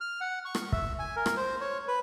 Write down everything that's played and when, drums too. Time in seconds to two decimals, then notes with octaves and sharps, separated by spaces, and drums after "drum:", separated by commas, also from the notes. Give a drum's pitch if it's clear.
0.01 F6
0.21 F#5
0.45 C#6
0.55 drum: rim click
0.72 E5, drum: kick
0.99 G#5
1.16 A#4
1.26 drum: rim click
1.37 C5
1.61 C#5
1.88 B4